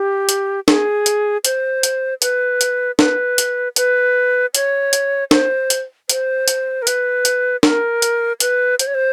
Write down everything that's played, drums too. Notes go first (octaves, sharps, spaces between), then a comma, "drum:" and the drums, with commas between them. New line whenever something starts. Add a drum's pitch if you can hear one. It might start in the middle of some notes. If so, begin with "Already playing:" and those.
Already playing: G4
drum: hi-hat
G#4, drum: snare
drum: hi-hat
C5, drum: hi-hat
drum: hi-hat
B4, drum: hi-hat
drum: hi-hat
B4, drum: snare
drum: hi-hat
B4, drum: hi-hat
C#5, drum: hi-hat
drum: hi-hat
C5, drum: snare
drum: hi-hat
C5, drum: hi-hat
drum: hi-hat
A#4
B4, drum: hi-hat
drum: hi-hat
A#4, drum: snare
drum: hi-hat
B4, drum: hi-hat
C5, drum: hi-hat
C#5
C5